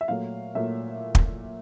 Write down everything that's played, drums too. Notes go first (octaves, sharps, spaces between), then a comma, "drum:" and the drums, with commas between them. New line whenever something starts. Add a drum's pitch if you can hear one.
E5
A#2 F#3 A3 F5
A#2 F#3 A3 E5
drum: kick